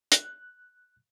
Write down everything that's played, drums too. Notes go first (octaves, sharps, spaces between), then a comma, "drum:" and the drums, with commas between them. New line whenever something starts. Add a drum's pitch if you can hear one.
F#6, drum: hi-hat